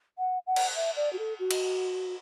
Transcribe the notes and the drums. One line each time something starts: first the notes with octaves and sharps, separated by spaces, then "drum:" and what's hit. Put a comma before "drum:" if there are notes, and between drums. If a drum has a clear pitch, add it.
F#5
F#5
drum: cymbal
E5
D5
F#4
A4
F#4
drum: cymbal